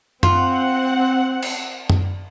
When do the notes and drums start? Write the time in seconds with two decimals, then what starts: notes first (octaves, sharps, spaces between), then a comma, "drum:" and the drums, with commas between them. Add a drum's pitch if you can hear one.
0.23 C4 F4 F#5, drum: tom F#2
1.43 drum: cymbal
1.90 drum: tom F#2